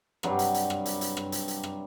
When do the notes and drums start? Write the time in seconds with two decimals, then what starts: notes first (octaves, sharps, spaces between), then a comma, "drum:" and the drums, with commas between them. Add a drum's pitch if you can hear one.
0.23 G2 C3 F#3 G3, drum: rim click
0.39 drum: hi-hat
0.54 drum: hi-hat
0.70 drum: rim click
0.86 drum: hi-hat
1.01 drum: hi-hat
1.17 drum: rim click
1.32 drum: hi-hat
1.48 drum: hi-hat
1.63 drum: rim click